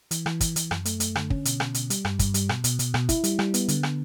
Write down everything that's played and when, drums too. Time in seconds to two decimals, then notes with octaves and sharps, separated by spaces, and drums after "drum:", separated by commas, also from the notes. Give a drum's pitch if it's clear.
0.11 E3, drum: hi-hat
0.26 E3, drum: rim click
0.41 E3, drum: kick, hi-hat
0.56 E3, drum: hi-hat
0.71 F#2, drum: rim click
0.85 A3, drum: hi-hat
1.00 A3, drum: hi-hat
1.15 D3, drum: rim click
1.30 C#4, drum: kick
1.45 B2, drum: hi-hat
1.60 B2, drum: rim click
1.74 B2, drum: hi-hat
1.90 G3, drum: hi-hat
2.05 G2, drum: rim click
2.19 G2, drum: kick, hi-hat
2.34 G3, drum: hi-hat
2.49 B2, drum: rim click
2.64 B2, drum: hi-hat
2.79 B2, drum: hi-hat
2.94 B2, drum: rim click
3.09 E4, drum: kick, hi-hat
3.24 G3, drum: hi-hat
3.39 G3, drum: rim click
3.54 B3, drum: hi-hat
3.68 D3, drum: hi-hat
3.83 drum: rim click